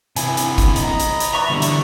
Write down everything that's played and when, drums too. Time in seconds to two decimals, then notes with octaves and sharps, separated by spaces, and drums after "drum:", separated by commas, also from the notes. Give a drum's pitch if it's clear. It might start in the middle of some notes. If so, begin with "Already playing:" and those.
0.16 C3 E3 B3 E4 G#5, drum: hi-hat
0.37 drum: hi-hat
0.58 drum: kick, hi-hat
0.76 D#5 A#5 B5, drum: hi-hat
1.00 drum: hi-hat
1.20 drum: hi-hat
1.33 B4 D5 E5 A#5 C#6
1.50 G2 B2 D3 E3 D4 E5
1.62 drum: hi-hat